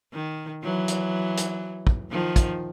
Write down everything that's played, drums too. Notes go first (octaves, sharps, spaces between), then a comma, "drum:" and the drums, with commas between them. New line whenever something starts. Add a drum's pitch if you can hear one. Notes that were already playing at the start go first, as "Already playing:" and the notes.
D#3
E3 F#3
drum: hi-hat
drum: hi-hat
drum: kick
D#3 F3
drum: kick, hi-hat